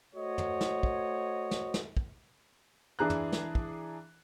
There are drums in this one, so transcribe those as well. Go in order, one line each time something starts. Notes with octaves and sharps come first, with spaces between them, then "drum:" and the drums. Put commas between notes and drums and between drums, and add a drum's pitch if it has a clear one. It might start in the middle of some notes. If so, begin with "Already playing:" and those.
A3 F#4 C5 C#5 D#5
drum: tom
drum: snare
drum: kick
drum: snare
drum: snare
drum: kick
E3 D4 G#4 A#5 F#6
drum: tom
drum: snare
drum: kick